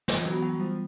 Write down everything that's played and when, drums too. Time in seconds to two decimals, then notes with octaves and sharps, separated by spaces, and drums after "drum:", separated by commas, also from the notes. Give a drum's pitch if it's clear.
0.08 E3 F3, drum: snare
0.25 F#3
0.31 B3
0.42 F#3
0.53 G3
0.60 F3